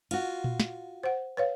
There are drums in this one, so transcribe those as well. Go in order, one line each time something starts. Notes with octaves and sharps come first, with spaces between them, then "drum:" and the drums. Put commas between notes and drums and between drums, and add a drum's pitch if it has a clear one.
F4 F#4, drum: cymbal
drum: tom A#2
drum: snare
C5 F#5
B4 C#5 F5